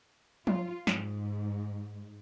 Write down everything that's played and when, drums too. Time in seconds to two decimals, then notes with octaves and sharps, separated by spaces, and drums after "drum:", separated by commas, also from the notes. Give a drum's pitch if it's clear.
0.47 F4, drum: tom F3
0.87 G#2, drum: snare